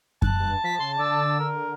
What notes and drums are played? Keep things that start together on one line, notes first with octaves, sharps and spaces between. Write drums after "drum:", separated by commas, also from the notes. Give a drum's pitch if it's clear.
A5 F#6, drum: kick F#2
G2
F3 B6
C#3 C6
D3 D5 E6
A#4